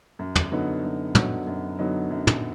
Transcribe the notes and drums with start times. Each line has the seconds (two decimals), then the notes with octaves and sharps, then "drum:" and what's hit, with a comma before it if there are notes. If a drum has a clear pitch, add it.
0.19 F#2
0.35 drum: tom
0.52 D3 F#3 B3 D#4
0.84 F#2
1.15 D3 F#3 B3 D#4, drum: tom
1.47 F#2
1.79 D3 F#3 B3 D#4
2.10 F#2
2.27 drum: tom